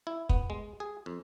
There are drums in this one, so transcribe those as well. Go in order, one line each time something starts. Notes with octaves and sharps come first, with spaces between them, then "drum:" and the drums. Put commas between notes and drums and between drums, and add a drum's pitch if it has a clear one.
E4
B3, drum: kick
G#3
G#4
F2